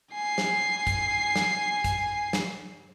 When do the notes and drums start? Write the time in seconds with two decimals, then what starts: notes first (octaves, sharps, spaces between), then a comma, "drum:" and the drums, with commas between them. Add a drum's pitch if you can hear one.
0.13 G#5 C7
0.38 drum: snare
0.87 drum: kick, hi-hat
1.36 drum: snare
1.84 drum: kick, hi-hat
2.33 drum: snare